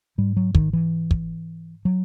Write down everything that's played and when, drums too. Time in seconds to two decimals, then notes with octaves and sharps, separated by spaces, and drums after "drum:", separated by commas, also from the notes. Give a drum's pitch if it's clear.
0.18 G#2 G3
0.37 F#3
0.55 D#3, drum: kick
0.73 E3
1.11 drum: kick
1.85 F#3